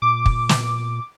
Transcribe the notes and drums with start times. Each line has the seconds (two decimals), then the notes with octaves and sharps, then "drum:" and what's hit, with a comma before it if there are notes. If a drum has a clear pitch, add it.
0.02 A#2 D6
0.26 drum: kick
0.49 drum: snare